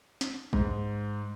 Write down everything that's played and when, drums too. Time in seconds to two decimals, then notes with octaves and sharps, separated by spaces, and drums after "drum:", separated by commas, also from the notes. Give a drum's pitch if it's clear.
0.21 drum: snare
0.53 G#2, drum: kick